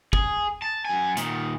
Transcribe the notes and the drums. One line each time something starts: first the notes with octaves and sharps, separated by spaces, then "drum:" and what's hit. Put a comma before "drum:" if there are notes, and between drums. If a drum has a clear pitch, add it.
G#4, drum: kick G1
A5
F#2 G#5
A#2 D#3, drum: hi-hat